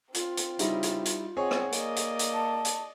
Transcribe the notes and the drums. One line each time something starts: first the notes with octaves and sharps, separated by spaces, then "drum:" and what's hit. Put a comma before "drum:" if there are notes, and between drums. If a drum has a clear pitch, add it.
C4 F4, drum: hi-hat
drum: hi-hat
C#3 G3 D#4 E4, drum: hi-hat
drum: hi-hat
drum: hi-hat
C4 G#4 C#5 D#5 F#5
drum: rim click
A#3 D5 D#5, drum: hi-hat
drum: hi-hat
drum: hi-hat
A5
drum: hi-hat